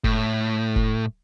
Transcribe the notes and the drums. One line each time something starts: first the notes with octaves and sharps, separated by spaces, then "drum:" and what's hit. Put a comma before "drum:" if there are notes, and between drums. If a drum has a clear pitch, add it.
A2, drum: kick F1
drum: kick F1